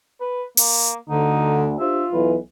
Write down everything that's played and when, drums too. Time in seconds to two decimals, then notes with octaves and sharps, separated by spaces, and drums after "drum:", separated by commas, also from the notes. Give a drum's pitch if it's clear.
0.20 B4
0.57 A#3, drum: open hi-hat
1.09 D2 D3 D#4
1.79 D4 F4 G4 C5 E5
2.13 B1 E3 B4